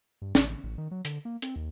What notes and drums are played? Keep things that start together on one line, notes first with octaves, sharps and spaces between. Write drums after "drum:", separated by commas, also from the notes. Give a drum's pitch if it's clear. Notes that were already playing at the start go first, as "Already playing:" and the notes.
G2
A1, drum: snare
A1
D#3
F#3
D3, drum: hi-hat
A#3
C4, drum: hi-hat
D#2